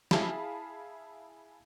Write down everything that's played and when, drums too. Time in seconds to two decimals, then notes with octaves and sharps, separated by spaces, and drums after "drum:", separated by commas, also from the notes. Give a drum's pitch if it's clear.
0.11 E4 G#4 F5 A5 B5, drum: snare